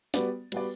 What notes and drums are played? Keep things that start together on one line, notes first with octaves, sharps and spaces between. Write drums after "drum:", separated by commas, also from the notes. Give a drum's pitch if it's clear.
G3 B3 F#4 B4 D5, drum: snare
G3 B3 F#4 B4 D5, drum: cymbal